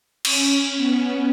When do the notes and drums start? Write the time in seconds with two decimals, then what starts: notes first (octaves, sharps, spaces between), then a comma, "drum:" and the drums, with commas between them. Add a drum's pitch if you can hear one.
0.25 C#4, drum: cymbal
0.77 B3